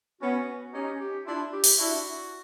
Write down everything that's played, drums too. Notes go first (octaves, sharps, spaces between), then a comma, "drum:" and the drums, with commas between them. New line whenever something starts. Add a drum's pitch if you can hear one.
B3 C#4 F#4
C#4 D#4 G4
G4
D4 E4 F4
G4
drum: open hi-hat
D4 E4 F#4